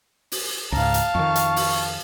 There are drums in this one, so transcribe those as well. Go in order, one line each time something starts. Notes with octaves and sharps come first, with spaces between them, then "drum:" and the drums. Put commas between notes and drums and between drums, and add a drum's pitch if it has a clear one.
drum: open hi-hat
C#2 G#2 F5 A5 A#5
drum: hi-hat
F2 D#3 C#6
drum: hi-hat
drum: open hi-hat